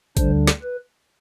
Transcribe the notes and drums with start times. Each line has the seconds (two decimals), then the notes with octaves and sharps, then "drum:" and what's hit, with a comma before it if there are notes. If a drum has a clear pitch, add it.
0.17 D2 D3 G3 D4 C5, drum: kick A1, hi-hat
0.47 drum: snare
0.63 B4